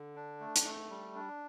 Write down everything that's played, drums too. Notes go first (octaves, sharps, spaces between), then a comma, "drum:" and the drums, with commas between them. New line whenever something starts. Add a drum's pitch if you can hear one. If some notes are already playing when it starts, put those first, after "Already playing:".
Already playing: D3
D4
A3
drum: hi-hat
A3
G3
D4